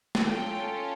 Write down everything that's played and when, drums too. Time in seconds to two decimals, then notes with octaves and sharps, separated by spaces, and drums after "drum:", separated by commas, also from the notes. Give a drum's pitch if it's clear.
0.15 drum: snare
0.24 C#4 F4 A4 G5